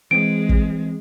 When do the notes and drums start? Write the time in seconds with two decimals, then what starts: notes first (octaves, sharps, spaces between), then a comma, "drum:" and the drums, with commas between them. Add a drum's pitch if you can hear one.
0.11 E3 G#3 C4 D7
0.49 drum: kick